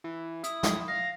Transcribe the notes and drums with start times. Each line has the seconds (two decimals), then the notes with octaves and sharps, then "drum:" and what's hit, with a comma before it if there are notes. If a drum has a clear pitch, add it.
0.04 E3
0.44 E4 D#6, drum: hi-hat
0.63 drum: snare
0.88 F5 A#6